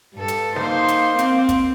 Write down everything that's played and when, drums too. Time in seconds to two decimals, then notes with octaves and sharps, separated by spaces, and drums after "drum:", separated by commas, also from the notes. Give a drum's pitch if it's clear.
0.15 G2 A4
0.28 drum: hi-hat
0.56 A#3 D#4 C5, drum: snare
0.88 drum: hi-hat
1.18 C4, drum: hi-hat
1.49 drum: kick, hi-hat